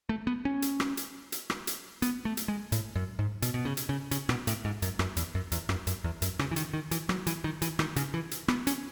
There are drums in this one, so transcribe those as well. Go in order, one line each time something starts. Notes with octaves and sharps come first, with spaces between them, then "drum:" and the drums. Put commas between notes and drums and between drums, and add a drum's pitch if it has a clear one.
A3
B3
C#4
drum: hi-hat
drum: rim click
drum: hi-hat
drum: hi-hat
drum: rim click
drum: hi-hat
B3, drum: hi-hat
A3
drum: hi-hat
G#3
A2, drum: hi-hat
F#2
G#2
B2, drum: hi-hat
B2
C#3
drum: hi-hat
C#3
C#3, drum: hi-hat
B2, drum: rim click
A2, drum: hi-hat
G#2
F#2, drum: hi-hat
F#2, drum: rim click
E2, drum: hi-hat
F#2
E2, drum: hi-hat
F#2, drum: rim click
F#2, drum: hi-hat
E2
F#2, drum: hi-hat
C#3, drum: rim click
E3
D#3, drum: hi-hat
D#3
E3, drum: hi-hat
F#3, drum: rim click
E3, drum: hi-hat
D#3
E3, drum: hi-hat
D#3, drum: rim click
C#3, drum: hi-hat
E3
drum: hi-hat
B3, drum: rim click
C#4, drum: hi-hat